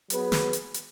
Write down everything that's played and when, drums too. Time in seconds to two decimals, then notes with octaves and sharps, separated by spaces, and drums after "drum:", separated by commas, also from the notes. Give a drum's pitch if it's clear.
0.10 F#3 B3 G#4 B4, drum: hi-hat
0.32 drum: snare
0.53 drum: hi-hat
0.74 drum: hi-hat